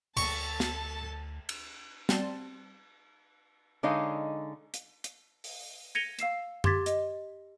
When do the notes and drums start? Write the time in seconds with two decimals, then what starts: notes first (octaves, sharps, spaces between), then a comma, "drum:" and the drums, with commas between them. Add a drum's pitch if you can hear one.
0.17 D2 A4 A5 C#6, drum: cymbal
0.60 drum: snare
1.49 drum: cymbal
2.09 G3 C4 A5 C6 A6, drum: snare
3.83 D3 G#3 D#4 C#5 D#5 F5
4.74 drum: hi-hat
5.04 drum: hi-hat
5.44 drum: open hi-hat
5.95 G#6 A#6 C#7 D#7 F7 G7
6.19 F5 E6 C7 E7, drum: hi-hat
6.64 G4 C6 D6 G#6 A6 B6, drum: tom F#2
6.86 D#5, drum: hi-hat